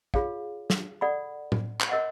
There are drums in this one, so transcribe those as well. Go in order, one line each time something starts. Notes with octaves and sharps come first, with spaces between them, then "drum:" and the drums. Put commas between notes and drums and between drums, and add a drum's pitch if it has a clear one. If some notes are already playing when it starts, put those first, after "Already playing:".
F4 G#4 C#5 F5, drum: kick
drum: snare
A4 D5 F#5 B5
drum: tom A2
drum: clap
A#4 D#5 F#5